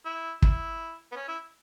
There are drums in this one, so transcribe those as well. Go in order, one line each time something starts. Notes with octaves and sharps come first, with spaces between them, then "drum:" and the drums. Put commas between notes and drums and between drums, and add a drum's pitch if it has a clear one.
E4
E4, drum: kick
B3
C#4
E4